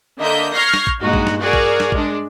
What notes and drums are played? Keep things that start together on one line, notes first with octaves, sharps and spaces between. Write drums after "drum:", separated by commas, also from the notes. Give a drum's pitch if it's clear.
D3 A#3 D#5 E5 G6
C#6 F6 G6 G#6 A#6 C7
drum: snare
drum: kick A1
G2 A#2 G#3 D#4 F#4
drum: kick A1
drum: snare
F#4 G#4 A#4 D5
drum: kick A1
drum: snare
G#3 D4, drum: kick A1